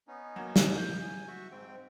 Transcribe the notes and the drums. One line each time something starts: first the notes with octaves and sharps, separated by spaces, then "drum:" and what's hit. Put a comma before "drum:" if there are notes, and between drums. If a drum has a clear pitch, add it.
B3 C#4 D#4
F#3 A#3
drum: snare
G6
G#5
F#4 E5 C#6
G#2 C4 G5